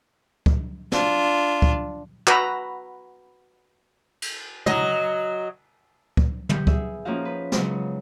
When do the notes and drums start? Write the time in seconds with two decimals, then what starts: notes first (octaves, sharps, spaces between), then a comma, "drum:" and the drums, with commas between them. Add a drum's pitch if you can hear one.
0.46 drum: kick C#2
0.92 D4 F4, drum: snare
1.62 drum: kick C#2
2.27 F#4 B4 A#5 B5 E6, drum: clap
4.22 drum: cymbal
4.66 F#3 D#5, drum: tom
6.17 drum: kick C#2
6.49 B3 G4, drum: tom
6.67 G#4 E5, drum: kick C#2
7.05 F3 A#3 C#4 D#4 F#4 F5
7.25 B4
7.52 C#3 F#3 G#3 B3, drum: snare